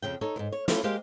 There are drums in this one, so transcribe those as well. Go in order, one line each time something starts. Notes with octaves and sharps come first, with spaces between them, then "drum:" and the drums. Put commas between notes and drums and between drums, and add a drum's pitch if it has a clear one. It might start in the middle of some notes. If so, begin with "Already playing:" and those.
F2 C#3 G5
D#4 A4 C#5
E2 G#2
C#5
A3 C#4 E4 F4 A4 C#5, drum: snare
G#3 A#3 G4 G#4 C5 F5